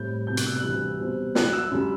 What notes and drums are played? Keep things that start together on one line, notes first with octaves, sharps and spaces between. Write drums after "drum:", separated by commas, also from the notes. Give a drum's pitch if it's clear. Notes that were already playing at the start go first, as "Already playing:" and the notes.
Already playing: A2 G3 C4 G6
C2 B2 A3 G6
F#6, drum: hi-hat
E6
F#6
D2 C3 E3 G3
B2 G3 C4
D2 D3 F#3 F#6, drum: snare
E6
F#2 D3 G3